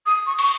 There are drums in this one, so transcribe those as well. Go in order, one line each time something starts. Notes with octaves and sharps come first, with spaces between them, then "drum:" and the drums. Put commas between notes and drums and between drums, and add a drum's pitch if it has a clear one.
D#6
C#6
C#6, drum: cymbal